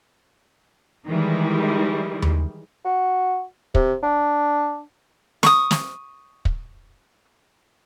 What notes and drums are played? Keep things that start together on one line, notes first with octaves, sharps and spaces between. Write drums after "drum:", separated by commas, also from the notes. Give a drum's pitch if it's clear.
D#3 E3 G3 G#3
drum: tom D#2
F#4
C3, drum: kick
D4
C#6 D#6, drum: snare
drum: snare
drum: kick